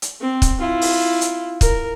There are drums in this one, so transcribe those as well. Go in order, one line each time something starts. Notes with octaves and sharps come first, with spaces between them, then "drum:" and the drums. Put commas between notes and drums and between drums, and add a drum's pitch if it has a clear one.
drum: hi-hat
C4
drum: kick, hi-hat
E4 F4
drum: open hi-hat
drum: hi-hat
A#4, drum: kick, hi-hat